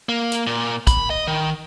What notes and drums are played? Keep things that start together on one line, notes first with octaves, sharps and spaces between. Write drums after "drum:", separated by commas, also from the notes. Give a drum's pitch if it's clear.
A#3
drum: hi-hat
A#2
B5, drum: kick, hi-hat
D#5
D#3